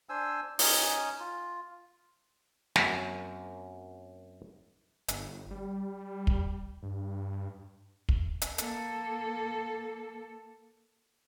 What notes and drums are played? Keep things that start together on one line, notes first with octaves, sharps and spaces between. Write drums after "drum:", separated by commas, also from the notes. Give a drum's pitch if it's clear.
D4 C5 G#5 E6
C#4 D#4 G#5, drum: open hi-hat
F4
F#2 F#3 A#3 C4, drum: snare
G1, drum: hi-hat
G3
drum: kick
G2
drum: kick
drum: hi-hat
A#3 A4, drum: hi-hat